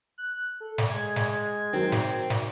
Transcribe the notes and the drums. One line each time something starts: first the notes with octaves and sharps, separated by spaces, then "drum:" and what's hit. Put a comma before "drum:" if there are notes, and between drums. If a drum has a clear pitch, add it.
F#6
A4
drum: snare
G#3 G#6
drum: snare
D#3 F#3 C4
drum: snare
drum: snare